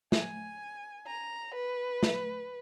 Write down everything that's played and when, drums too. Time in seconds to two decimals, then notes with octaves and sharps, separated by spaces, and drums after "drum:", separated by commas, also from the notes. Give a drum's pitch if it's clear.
0.12 G#5, drum: snare
1.07 A#5
1.55 B4
2.03 drum: snare